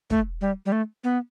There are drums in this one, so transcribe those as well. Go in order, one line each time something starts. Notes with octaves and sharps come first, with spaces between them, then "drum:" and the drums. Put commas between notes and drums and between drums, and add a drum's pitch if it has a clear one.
A3, drum: kick
G3
G3
A3
B3